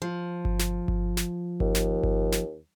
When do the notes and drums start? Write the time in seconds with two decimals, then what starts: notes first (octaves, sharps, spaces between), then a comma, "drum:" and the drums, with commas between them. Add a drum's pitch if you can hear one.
0.02 F3
0.45 drum: kick G1
0.59 drum: snare
0.88 drum: kick G1
1.17 drum: snare
1.60 D#2, drum: kick G1
1.75 drum: snare
2.03 drum: kick G1
2.32 drum: snare